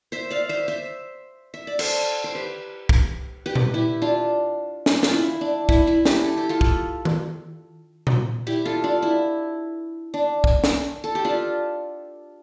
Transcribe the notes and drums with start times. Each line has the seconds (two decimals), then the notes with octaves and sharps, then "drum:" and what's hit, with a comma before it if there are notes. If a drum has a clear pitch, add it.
0.12 C5 E5
0.30 D5 F5
0.49 C5 E5
0.68 C5 E5
1.54 E5
1.67 D5
1.79 A4 C5, drum: cymbal
2.24 C5
2.35 G4 B4
2.89 drum: kick
3.46 G4 B4
3.55 drum: tom A#2
3.74 E4 G4
4.02 D4 F4
4.86 drum: snare
5.03 F4, drum: snare
5.13 E4
5.41 D4
5.69 E4, drum: kick
5.87 E4
6.05 E4 G4, drum: snare
6.24 A4
6.37 G4
6.49 F4 A4
6.61 drum: kick
7.05 drum: tom D#3
8.07 drum: tom A#2
8.47 E4 G4
8.65 F4 A4
8.84 D4 F4
9.03 E4
10.14 D4
10.44 drum: kick
10.64 drum: snare
11.04 A4
11.15 G4
11.25 D4 F4